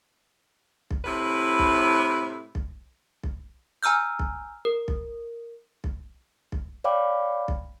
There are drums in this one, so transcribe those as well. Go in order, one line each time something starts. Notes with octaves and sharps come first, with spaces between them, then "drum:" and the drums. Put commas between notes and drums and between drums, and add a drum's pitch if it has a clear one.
drum: kick B1
A2 C3 E4 B4
drum: kick B1
drum: kick B1
drum: kick B1
G#5 A#5 E6 F6 G6
drum: kick B1
A#4
drum: kick B1
drum: kick B1
drum: kick B1
C#5 D5 F5 G5 B5 D6
drum: kick B1